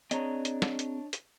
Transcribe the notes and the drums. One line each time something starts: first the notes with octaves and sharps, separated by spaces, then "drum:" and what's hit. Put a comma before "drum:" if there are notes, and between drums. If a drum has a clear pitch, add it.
C4 D4 G#4 C#5 D#5 A#5, drum: hi-hat
drum: hi-hat
drum: snare
drum: hi-hat
drum: hi-hat